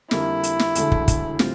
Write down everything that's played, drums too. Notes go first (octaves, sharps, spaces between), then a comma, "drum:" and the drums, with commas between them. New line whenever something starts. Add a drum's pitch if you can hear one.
F2 D3 G3 A#3 E4, drum: snare
drum: hi-hat
drum: snare
E1 D2 D3 A3, drum: hi-hat
drum: kick
drum: kick, hi-hat
A2 G3 C4 F4, drum: snare